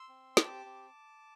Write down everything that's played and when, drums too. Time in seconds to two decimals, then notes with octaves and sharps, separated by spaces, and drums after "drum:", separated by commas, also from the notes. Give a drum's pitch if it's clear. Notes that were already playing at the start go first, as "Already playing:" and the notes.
Already playing: C6 E6
0.09 C4
0.37 G4 A5 D6, drum: snare
0.66 C4